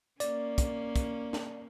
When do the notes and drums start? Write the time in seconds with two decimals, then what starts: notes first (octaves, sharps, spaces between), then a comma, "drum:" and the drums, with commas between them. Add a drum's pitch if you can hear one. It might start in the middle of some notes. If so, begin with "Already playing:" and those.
0.20 A#3 C#4 D5, drum: hi-hat
0.58 drum: kick, hi-hat
0.96 drum: kick, hi-hat
1.33 drum: snare